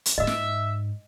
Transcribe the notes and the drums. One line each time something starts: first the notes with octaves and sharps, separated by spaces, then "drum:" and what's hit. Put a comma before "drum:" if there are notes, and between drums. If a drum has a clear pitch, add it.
drum: hi-hat
G#2 D#5 E5 E6
drum: snare